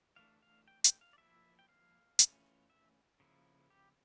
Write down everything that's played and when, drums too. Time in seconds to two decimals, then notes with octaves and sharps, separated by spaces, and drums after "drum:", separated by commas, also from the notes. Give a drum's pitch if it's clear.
0.16 E3 A3 D4 F5
0.42 F5
0.68 G5
0.84 G5, drum: hi-hat
1.01 F5
1.13 D5
1.18 F3 A#3 E4 E5
1.59 G5
1.69 F5
2.19 E3 A3 C#4 F4, drum: hi-hat
2.70 E5
3.20 C#3 F3 A#3 E4
3.70 G4